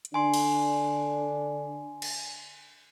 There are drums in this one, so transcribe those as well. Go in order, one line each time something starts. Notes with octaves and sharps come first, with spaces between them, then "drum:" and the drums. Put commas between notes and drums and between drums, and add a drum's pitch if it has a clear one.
drum: hi-hat
D3 D4 G#5 C6
drum: cymbal
drum: cymbal